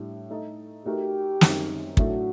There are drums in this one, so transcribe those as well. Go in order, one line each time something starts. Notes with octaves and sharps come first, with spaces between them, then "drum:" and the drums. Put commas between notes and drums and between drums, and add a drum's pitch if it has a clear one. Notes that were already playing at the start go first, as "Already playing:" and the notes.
Already playing: A2 G3 D4
A3 D#4 A4 D#5
A3 D#4 F#4 G4 A#4
F#2 D#3 G3 C4 D#4, drum: snare
A2 F#3 A3 D4 F#4, drum: kick